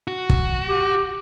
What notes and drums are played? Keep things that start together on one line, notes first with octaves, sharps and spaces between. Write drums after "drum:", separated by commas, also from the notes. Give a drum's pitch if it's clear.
F#4
drum: kick
G4